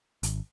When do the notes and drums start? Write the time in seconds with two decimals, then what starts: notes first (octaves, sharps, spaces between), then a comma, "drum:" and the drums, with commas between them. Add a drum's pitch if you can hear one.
0.23 G#1, drum: hi-hat